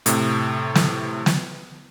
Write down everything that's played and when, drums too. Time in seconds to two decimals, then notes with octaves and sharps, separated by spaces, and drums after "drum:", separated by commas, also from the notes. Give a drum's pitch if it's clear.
0.06 A2 C3, drum: hi-hat
0.75 drum: snare
1.26 drum: snare